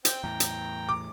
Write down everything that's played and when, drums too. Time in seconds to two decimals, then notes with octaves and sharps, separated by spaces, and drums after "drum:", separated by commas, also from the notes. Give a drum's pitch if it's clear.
0.05 C4 G5, drum: hi-hat
0.24 E2 A2 A#5
0.40 drum: hi-hat
0.89 D6